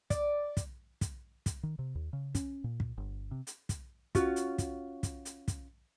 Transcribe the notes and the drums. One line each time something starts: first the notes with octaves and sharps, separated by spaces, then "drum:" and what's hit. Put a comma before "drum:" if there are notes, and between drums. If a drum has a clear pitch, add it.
D5, drum: kick, hi-hat
drum: kick, hi-hat
drum: kick, hi-hat
drum: kick, hi-hat
D#3
C3
D#2
C#3
C#4, drum: kick, hi-hat
A#2
drum: kick
G1
C3
drum: hi-hat
drum: kick, hi-hat
C#4 F4 F#4, drum: kick, hi-hat
drum: hi-hat
drum: kick, hi-hat
drum: kick, hi-hat
drum: hi-hat
drum: kick, hi-hat